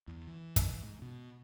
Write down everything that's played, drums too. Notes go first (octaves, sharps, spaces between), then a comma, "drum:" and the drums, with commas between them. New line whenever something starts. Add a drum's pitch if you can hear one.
E2
E3
drum: kick, hi-hat
G#2
B2